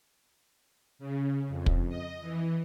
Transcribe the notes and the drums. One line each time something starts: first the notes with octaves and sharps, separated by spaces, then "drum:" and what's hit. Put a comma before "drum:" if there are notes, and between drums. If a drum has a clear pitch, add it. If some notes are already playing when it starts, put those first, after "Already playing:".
C#3
F2
drum: kick
D#5
E3